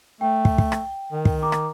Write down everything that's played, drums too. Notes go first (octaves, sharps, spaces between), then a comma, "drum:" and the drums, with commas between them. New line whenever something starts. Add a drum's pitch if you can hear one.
A3 G5
drum: kick
drum: kick
drum: rim click
D#3
drum: kick
A#5 D6
drum: rim click